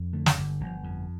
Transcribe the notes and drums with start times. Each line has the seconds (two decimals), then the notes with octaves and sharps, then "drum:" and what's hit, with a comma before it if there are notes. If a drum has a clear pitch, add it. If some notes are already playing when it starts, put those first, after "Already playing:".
Already playing: F2
0.13 D3 A3
0.26 drum: snare
0.37 G1
0.60 G1 F3
0.84 F2